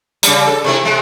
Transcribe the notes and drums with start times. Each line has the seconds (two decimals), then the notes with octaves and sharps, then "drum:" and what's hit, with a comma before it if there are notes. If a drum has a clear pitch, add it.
0.23 C#3 G3, drum: hi-hat
0.47 A4
0.64 C3 A3 E4
0.83 C3 G#3 A3